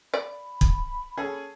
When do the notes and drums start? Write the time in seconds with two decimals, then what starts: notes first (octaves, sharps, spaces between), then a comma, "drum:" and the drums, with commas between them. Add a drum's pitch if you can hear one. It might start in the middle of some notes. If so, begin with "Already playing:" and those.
0.14 D5 B5
0.61 drum: kick
1.17 C#4 G#4 A4